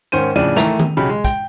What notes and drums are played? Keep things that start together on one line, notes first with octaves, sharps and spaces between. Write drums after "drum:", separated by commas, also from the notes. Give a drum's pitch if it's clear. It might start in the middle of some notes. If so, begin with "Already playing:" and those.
G#2 D#3 C#4 C5 D#7
F2 A2 C#3 D4 D#7
D#3 E3 A3 A#5 F7, drum: snare
drum: tom D#3
B1 C#3 F#3 G4 B5
G#3
G5, drum: kick, hi-hat